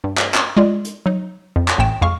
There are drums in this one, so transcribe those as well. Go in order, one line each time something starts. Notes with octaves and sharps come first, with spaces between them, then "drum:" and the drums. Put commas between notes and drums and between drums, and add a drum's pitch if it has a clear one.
G2
drum: clap
drum: clap
G#3 F4 D5
drum: hi-hat
F#3 D#4
F2
drum: clap
A1 A2 A3 G5 E7
F2 G#3 F5 C#6 F6